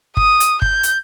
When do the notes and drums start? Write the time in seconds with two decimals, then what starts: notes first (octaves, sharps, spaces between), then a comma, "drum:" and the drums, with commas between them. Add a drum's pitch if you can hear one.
0.17 D#6, drum: kick
0.40 drum: hi-hat
0.62 G6, drum: kick
0.83 drum: hi-hat